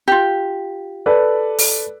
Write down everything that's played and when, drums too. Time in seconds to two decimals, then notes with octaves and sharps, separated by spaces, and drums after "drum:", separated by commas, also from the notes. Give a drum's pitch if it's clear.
0.08 F4 G4
1.06 A4 B4 D5
1.58 drum: open hi-hat